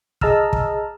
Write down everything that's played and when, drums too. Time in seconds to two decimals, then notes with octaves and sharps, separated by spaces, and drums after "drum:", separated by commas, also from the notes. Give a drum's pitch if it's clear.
0.21 G#4 D#5 A5 A#5 E6 F6, drum: kick
0.53 drum: kick